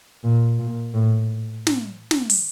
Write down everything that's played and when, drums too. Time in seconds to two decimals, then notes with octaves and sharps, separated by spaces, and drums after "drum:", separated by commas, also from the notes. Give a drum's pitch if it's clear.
0.24 A#2
0.59 A#2
0.94 A2
1.67 drum: snare
2.11 drum: snare
2.30 drum: open hi-hat